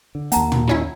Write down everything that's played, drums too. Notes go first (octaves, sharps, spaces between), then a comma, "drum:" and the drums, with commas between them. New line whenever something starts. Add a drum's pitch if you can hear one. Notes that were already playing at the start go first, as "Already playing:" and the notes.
D3
D#2 A#3 F#5 A5 A#5, drum: hi-hat
drum: tom
D#3 C#4 E4 F4